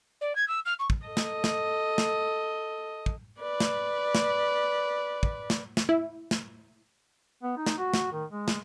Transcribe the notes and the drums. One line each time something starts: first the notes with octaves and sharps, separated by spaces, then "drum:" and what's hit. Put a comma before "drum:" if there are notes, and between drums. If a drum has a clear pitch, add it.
D5
G#6
E6
F6
C#6
drum: kick
A4 D#5
drum: snare
drum: snare
drum: snare
drum: kick
B4 D5
drum: snare
drum: snare
drum: kick
drum: snare
drum: snare
E4
drum: snare
B3
D#4
drum: snare
F#4
drum: snare
D#3
G#3
drum: snare